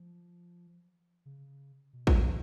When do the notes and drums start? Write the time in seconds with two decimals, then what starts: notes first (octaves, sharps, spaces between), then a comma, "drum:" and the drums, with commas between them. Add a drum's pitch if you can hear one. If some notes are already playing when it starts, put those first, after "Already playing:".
Already playing: F3
1.25 C#3
1.93 B2
2.07 C#3, drum: kick A1
2.21 B2